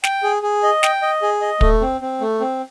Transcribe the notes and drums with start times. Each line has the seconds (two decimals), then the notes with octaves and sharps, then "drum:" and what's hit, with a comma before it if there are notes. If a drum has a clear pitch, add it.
0.04 G5, drum: snare
0.23 G#4
0.42 G#4
0.63 D#5
0.83 G5, drum: snare
1.02 D#5
1.22 G#4
1.41 D#5
1.61 A3, drum: kick
1.81 C4
2.01 C4
2.21 A3
2.40 C4